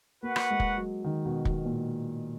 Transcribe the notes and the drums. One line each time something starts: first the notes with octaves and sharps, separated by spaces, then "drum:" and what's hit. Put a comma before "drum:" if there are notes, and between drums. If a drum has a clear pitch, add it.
A#3 F#4 B4 F#5
drum: rim click
G#3
drum: kick
F#3
D#3
B2
B2, drum: kick
A#2